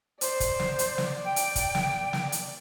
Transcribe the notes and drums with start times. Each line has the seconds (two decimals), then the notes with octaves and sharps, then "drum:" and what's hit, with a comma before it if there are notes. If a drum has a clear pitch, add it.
0.21 C5 D5, drum: hi-hat
0.40 drum: kick, hi-hat
0.60 drum: snare
0.79 drum: hi-hat
0.98 drum: snare
1.25 G5
1.36 drum: hi-hat
1.55 drum: kick, hi-hat
1.75 drum: snare
2.13 drum: snare
2.32 drum: hi-hat